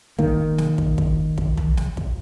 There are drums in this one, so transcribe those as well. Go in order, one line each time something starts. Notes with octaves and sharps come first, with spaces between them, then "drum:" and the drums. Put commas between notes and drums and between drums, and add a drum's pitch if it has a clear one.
D#3 A#3, drum: kick
drum: snare
drum: kick
drum: kick
drum: kick
drum: tom
drum: snare
drum: kick